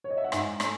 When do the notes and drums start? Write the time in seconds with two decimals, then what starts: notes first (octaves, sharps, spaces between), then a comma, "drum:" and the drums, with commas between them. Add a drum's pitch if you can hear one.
0.04 C#5
0.11 D#5
0.17 E5
0.24 F#5
0.32 G#2 G#5, drum: rim click
0.60 A3, drum: rim click